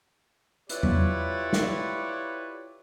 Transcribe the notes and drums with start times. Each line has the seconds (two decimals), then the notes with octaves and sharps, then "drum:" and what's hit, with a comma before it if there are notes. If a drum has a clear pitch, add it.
0.69 E4 F4 G4 B4 C#5 D5, drum: hi-hat
0.83 drum: tom E2
1.53 drum: snare